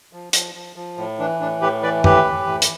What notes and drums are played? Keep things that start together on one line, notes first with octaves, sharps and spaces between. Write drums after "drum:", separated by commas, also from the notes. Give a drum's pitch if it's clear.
F3
F3, drum: hi-hat
F3
F3
A2
E3 D4
A2 D4
A2 G4 B4
E3 B4 D5
A2 G4 B4, drum: tom F#2
E3
A2
drum: hi-hat